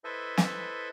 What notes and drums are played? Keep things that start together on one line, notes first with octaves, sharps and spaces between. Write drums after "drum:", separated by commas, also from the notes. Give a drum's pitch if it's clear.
E4 A4 B4 C5 D#5 E5
drum: snare